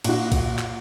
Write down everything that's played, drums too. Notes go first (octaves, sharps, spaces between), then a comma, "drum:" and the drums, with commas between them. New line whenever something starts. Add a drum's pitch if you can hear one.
A#2 F#4, drum: cymbal
drum: kick B1, cymbal
drum: clap